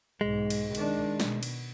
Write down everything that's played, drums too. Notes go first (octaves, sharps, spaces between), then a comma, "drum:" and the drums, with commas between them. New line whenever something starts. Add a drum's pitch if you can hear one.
B1 G#2 G#3
drum: cymbal
D#3 D4, drum: cymbal
B2, drum: snare
drum: cymbal